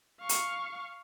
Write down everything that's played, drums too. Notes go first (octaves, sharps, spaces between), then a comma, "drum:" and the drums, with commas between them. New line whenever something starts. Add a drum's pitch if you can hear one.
F5 C#6
drum: hi-hat